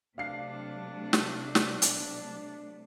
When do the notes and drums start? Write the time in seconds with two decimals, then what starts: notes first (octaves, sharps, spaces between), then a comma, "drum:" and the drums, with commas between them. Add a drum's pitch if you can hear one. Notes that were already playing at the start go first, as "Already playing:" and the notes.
0.18 C3 F#3 A3 D4 F5 C7
1.13 drum: snare
1.55 drum: snare
1.82 drum: hi-hat